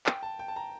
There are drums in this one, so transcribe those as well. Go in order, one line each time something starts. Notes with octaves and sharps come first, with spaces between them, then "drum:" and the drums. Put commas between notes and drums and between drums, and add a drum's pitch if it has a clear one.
G5, drum: clap
A5
G5
A5
A#5